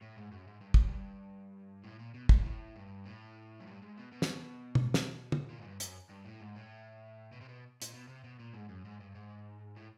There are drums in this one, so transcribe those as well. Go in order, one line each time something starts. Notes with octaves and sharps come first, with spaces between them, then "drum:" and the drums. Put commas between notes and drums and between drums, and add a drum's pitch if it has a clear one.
A2
G#2
F#2
G#2
G2
F#2, drum: kick
G2
A2
A#2
B2
A#2, drum: kick
G#2
A2
G2
A2
F#2
G2
G#2
B2
B2
drum: snare
drum: tom B2
drum: snare
drum: tom
A#2
G#2
G2
F#2, drum: hi-hat
G2
A2
G#2
A2
B2
C3
B2
A#2, drum: hi-hat
B2
C3
B2
A#2
G#2
F#2
G#2
G2
G#2
A2